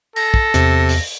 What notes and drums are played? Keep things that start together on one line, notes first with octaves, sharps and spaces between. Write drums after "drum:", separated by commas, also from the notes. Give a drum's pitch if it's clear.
A4 A#6, drum: cymbal
drum: kick
E2 C3, drum: hi-hat
drum: open hi-hat